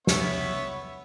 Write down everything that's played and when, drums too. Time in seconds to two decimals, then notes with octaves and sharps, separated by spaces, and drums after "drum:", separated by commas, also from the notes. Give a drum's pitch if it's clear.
0.07 B3 C#5 E5, drum: snare